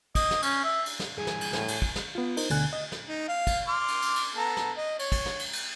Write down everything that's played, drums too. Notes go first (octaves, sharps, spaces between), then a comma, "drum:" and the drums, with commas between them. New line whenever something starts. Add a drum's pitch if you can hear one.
D#5, drum: kick, cymbal
drum: snare
C#4, drum: cymbal
E5
drum: cymbal
drum: snare
G2 E3 G#4 G#5
drum: snare
drum: cymbal
A2, drum: snare
drum: cymbal
drum: kick
drum: snare
B3 F4
D#4 A#4 C5, drum: cymbal
D2 B2 D3 G#5 F#6, drum: cymbal
D#5
drum: snare
D#4
F5
drum: kick, cymbal
C6 D6 F6
drum: cymbal
drum: cymbal
drum: cymbal
B3 A4 A#5
drum: snare
D#5
C#5, drum: cymbal
drum: kick, cymbal
drum: snare
drum: cymbal
drum: cymbal